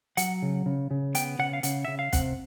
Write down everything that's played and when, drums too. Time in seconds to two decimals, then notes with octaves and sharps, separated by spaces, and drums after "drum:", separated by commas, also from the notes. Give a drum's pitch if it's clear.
0.17 F#3 F#5, drum: hi-hat
0.42 C#3
0.66 C#3
0.91 C#3
1.15 B3 G5, drum: hi-hat
1.39 C#3 F#5
1.53 F5
1.63 C#3 F#5, drum: hi-hat
1.85 C#3 E5
1.99 F5
2.13 C3 F#5, drum: kick, hi-hat